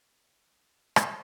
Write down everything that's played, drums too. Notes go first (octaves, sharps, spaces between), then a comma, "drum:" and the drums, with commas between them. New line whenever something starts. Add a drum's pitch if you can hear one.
G4 D#5 C6 C#6
drum: rim click